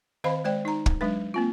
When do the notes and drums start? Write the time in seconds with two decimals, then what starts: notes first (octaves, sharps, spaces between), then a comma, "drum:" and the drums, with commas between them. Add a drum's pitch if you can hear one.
0.24 D#3 C4 C5 D#5 F5 B5
0.44 G#3 C5 D5 G5
0.65 D#4 A#5
0.86 drum: kick
1.01 F#3 G#3 D4 B4
1.34 A#3 C4 F4